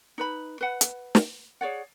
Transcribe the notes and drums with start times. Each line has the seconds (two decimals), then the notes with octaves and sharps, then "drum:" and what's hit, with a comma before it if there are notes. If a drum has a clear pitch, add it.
0.18 D#4 B4 B5
0.61 B4 F#5
0.81 drum: hi-hat
1.15 drum: snare
1.61 G#4 C#5 D5 F#5